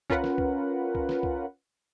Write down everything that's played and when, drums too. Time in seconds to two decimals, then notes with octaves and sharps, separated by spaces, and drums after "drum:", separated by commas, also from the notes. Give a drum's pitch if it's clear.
0.10 C#4 F4 A#4 B4 F#5, drum: kick C2
0.24 drum: snare
0.38 drum: kick C2
0.95 drum: kick C2
1.09 drum: snare
1.23 drum: kick C2